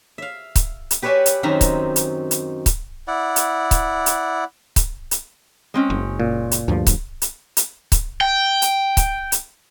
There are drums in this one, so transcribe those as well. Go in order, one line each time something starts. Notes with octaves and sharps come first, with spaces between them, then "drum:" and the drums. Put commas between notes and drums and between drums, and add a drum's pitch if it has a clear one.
E5 F5
drum: kick C#1, hi-hat
drum: hi-hat
G4 B4 C#5 D5 E5 G#5
drum: hi-hat
F#2 D#3 C4 E5 A#5
drum: kick C#1, hi-hat
drum: hi-hat
drum: hi-hat
drum: kick C#1, hi-hat
E4 D5 F#5
drum: hi-hat
drum: kick C#1, hi-hat
drum: hi-hat
drum: kick C#1, hi-hat
drum: hi-hat
G#3 C4 C#4
F#1
A#2
drum: hi-hat
D2 G2 F3
drum: kick C#1, hi-hat
drum: hi-hat
drum: hi-hat
drum: kick C#1, hi-hat
G5
drum: hi-hat
drum: kick C#1, hi-hat
drum: hi-hat